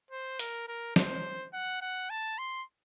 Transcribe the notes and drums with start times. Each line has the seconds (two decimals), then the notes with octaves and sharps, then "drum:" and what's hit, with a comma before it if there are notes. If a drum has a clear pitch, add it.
0.11 C5
0.39 A#4, drum: hi-hat
0.68 A#4
0.96 C5, drum: snare
1.53 F#5
1.81 F#5
2.10 A5
2.38 C6